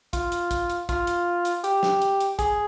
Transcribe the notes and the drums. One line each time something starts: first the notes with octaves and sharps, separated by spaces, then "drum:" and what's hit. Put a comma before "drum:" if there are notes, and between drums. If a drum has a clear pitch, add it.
F4, drum: kick, hi-hat
drum: hi-hat
drum: kick, hi-hat
drum: hi-hat
F4, drum: kick, hi-hat
drum: hi-hat
drum: hi-hat
G4, drum: hi-hat
drum: snare
drum: hi-hat
drum: hi-hat
G#4, drum: kick, hi-hat